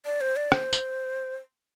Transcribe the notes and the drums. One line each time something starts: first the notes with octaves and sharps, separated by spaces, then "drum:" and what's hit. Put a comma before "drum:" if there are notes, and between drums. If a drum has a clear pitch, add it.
D5
C5
D5
C5, drum: rim click
drum: tambourine